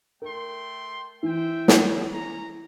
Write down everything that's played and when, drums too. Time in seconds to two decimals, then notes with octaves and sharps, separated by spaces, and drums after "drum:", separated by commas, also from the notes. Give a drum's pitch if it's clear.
0.22 A3 A#4 G5 C6
1.23 E3 C5 E5 G5
1.68 drum: snare
2.11 C#4 A#5